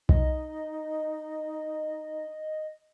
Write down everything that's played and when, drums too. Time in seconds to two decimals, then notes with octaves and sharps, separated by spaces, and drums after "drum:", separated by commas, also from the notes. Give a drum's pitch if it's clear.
0.09 D#4 D#5, drum: kick B1